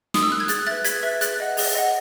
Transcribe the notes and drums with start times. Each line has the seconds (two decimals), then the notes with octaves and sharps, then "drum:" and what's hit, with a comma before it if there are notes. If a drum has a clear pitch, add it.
0.14 D#6, drum: snare
0.23 E6
0.32 F#6
0.40 G#6
0.48 G#4 F#6 A6, drum: hi-hat
0.67 B4 E5 F#6 A6
0.84 G#4 G#6 B6, drum: hi-hat
1.03 B4 E5
1.21 G#4 F#6 A6, drum: hi-hat
1.40 D#5 F#5
1.57 G#4, drum: open hi-hat
1.75 D#5 F#5